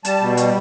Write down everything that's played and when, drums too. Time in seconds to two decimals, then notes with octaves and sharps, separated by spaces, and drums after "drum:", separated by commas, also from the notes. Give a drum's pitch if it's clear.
0.05 G3 A5, drum: hi-hat
0.21 B2
0.37 G3, drum: hi-hat